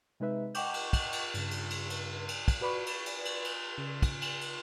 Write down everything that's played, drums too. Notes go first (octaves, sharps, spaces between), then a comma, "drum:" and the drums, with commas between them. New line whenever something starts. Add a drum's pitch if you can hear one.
C3 G#3 D#4 B4 E5
D#5 F#5 G5 C#6 D6 G6, drum: cymbal
drum: cymbal
drum: kick, cymbal
drum: cymbal
G2 C#3, drum: cymbal
drum: cymbal
drum: cymbal
drum: cymbal
drum: cymbal
drum: kick, cymbal
F#4 B4 D5 B5 C#6
drum: cymbal
drum: cymbal
drum: cymbal
drum: cymbal
C#3
drum: kick, cymbal
drum: cymbal
drum: cymbal